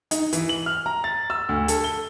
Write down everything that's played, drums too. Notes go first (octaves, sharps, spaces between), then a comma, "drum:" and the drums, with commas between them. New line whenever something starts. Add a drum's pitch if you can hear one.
D#4, drum: hi-hat
E3, drum: hi-hat
F#7
F6
A#5
A6
E6
D2
A4, drum: hi-hat
G7